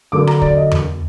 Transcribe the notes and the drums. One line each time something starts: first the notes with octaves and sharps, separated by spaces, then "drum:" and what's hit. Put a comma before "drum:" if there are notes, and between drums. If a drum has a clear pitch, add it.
D3 F#3 A#3 D6
A#5, drum: rim click
D5, drum: kick
D#5
drum: tom E2